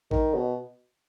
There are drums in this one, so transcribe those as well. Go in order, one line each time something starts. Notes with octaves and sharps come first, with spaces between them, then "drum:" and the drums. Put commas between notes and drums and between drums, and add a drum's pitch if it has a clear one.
D#3, drum: kick A1
B2